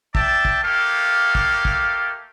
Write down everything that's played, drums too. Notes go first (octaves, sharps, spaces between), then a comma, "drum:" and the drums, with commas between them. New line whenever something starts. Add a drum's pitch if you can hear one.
D5 E5 G5 A5, drum: kick
drum: kick
A3 A#3 G4 A4 F5
drum: kick
drum: kick